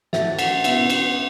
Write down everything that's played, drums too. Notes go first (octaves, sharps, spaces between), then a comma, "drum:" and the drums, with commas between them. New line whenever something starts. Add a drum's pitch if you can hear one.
A2 E3 A3 F#4 E5, drum: snare
F#5, drum: cymbal
B2 B3 E4 F#5, drum: cymbal
drum: cymbal